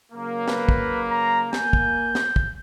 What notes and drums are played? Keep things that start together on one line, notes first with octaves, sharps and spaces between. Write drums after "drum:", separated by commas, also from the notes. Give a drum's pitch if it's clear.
C#3 F#3 A#3
B4, drum: snare
drum: kick
A#5
A#3 G#5 G6, drum: snare
drum: kick
drum: snare
drum: kick